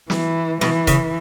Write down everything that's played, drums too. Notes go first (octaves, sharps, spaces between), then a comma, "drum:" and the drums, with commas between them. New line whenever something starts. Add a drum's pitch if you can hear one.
E3, drum: snare
B2 E3, drum: snare
C#3, drum: kick, hi-hat